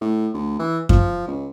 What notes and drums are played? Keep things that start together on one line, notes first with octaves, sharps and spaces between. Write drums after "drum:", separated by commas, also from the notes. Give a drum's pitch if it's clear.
A2
D2
E3
F3, drum: kick F#2
C#2